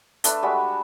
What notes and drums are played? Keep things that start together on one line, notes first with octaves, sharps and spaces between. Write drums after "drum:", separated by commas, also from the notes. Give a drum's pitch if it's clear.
A3 D4 B4, drum: hi-hat
G3 G#3 F#4 B5